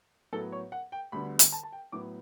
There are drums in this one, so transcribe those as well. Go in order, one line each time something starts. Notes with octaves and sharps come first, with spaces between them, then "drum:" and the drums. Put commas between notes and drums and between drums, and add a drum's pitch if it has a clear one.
A2 F#3 B3 A4
C#5
F#5
G5
D2 D3 G3 B3 B5
drum: hi-hat
A5
A5
G5
A2 F#3 B3 D6